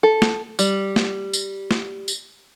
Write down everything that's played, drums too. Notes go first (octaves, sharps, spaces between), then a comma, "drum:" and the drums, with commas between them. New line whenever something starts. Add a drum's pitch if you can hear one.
A4
drum: snare
G3, drum: tambourine
drum: snare
drum: tambourine
drum: snare
drum: tambourine